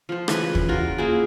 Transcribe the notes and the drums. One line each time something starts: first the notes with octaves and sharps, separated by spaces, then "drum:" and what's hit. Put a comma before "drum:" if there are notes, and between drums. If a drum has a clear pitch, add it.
F3 C5
C#3 E3 B4, drum: rim click
drum: kick
F4 F#4 A#4
A#3 E4 G#4